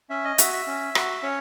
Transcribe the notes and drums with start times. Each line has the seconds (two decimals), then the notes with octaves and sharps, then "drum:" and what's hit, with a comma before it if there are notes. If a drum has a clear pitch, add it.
0.10 C#4 E5
0.25 D#5
0.38 F#4 E5, drum: hi-hat
0.53 E5
0.67 C#4
0.95 F#4, drum: rim click
1.23 C#4 C#5